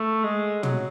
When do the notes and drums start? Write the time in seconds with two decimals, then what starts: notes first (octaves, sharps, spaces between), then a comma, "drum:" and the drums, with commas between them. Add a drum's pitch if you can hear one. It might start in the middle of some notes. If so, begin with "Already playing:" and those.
Already playing: A3
0.24 G#3
0.63 F#3, drum: tom